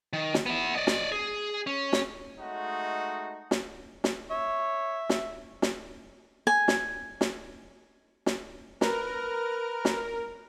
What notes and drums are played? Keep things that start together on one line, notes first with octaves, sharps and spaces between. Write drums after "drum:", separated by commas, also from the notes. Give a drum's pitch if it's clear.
D#3
drum: snare
B3 E4
D5 D#5
drum: snare
G#4
C#4
drum: snare
G#3 A3 D#4 F#4
drum: snare
drum: snare
C#5 E5
drum: snare
drum: snare
G#5
drum: snare
drum: snare
drum: snare
A#4 B4 A#5 F6, drum: snare
drum: snare